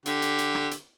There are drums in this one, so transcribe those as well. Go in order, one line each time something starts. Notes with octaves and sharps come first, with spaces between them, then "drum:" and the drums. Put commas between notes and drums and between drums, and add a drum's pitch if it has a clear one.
D3 G4, drum: hi-hat
drum: hi-hat
drum: hi-hat
drum: rim click
drum: hi-hat